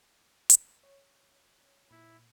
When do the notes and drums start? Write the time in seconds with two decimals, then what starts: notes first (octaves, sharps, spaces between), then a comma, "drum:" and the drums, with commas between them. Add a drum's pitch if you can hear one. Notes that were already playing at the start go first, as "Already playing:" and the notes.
0.50 drum: hi-hat
0.83 C#5
1.91 A#2 E4